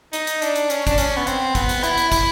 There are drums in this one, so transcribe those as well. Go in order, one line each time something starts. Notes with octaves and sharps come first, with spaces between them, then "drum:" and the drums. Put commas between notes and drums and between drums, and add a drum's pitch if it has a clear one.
D#4, drum: hi-hat
drum: hi-hat
D4, drum: hi-hat
drum: hi-hat
C#4, drum: hi-hat
D4, drum: kick, hi-hat
C#4, drum: hi-hat
B3
C4, drum: hi-hat
B3, drum: kick, hi-hat
drum: hi-hat
E4, drum: hi-hat
drum: hi-hat
E4, drum: kick, hi-hat